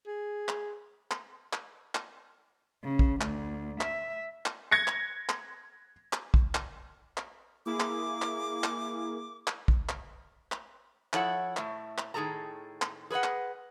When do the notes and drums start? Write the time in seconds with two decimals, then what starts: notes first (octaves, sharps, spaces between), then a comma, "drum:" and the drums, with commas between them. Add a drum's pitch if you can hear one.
0.07 G#4
0.48 drum: clap
1.11 drum: clap
1.53 drum: clap
1.95 drum: clap
2.84 C#3
2.99 drum: kick
3.21 D2, drum: clap
3.81 E5, drum: clap
4.46 drum: clap
4.71 G#6 A#6 C#7
4.87 drum: clap
5.29 drum: clap
6.13 drum: clap
6.34 drum: kick
6.55 drum: clap
7.17 drum: clap
7.66 A#3 E4 G#4 D6
7.80 drum: clap
8.22 drum: clap
8.64 drum: clap
9.47 drum: clap
9.68 drum: kick
9.89 drum: clap
10.52 drum: clap
11.13 F3 E4 A4 C#5 F#5, drum: clap
11.57 A2 A3, drum: clap
11.98 drum: clap
12.14 A2 D#3 G3 G#4 A4 A#5
12.82 drum: clap
13.10 G#4 B4 C5 D#5 F#5
13.24 drum: clap